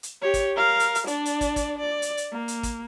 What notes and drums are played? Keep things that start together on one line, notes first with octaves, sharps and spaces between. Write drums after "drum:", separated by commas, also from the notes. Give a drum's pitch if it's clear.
drum: hi-hat
G4 C#5
drum: kick, hi-hat
A#4 F5
drum: hi-hat
drum: hi-hat
D4 D5, drum: hi-hat
drum: hi-hat
drum: kick, hi-hat
drum: kick, hi-hat
D5
drum: hi-hat
drum: hi-hat
A#3
drum: hi-hat
drum: kick, hi-hat